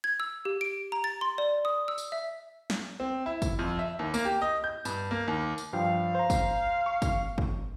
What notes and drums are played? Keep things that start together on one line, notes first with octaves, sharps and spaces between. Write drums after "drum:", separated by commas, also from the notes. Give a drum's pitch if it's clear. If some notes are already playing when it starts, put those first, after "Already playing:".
G#6
E6
G4
D7
A#5
A6
C6
D5
D#6
E6
drum: tambourine
E5
drum: snare
C4
E4
drum: kick, tambourine
F2
E5
D#2
A#3, drum: tambourine
G4
D#5
G6
G2, drum: tambourine
A#3
D#2
drum: tambourine
G2 F3 F5 G5
C5 A#5
drum: kick, tambourine
C#6
drum: kick, tambourine
drum: kick